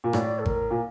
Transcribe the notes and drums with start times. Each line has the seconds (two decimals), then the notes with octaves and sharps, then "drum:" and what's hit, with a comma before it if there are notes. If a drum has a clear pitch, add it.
0.04 A#2
0.13 A2 D5, drum: rim click
0.39 A4
0.46 A#4, drum: kick G#1
0.71 A#2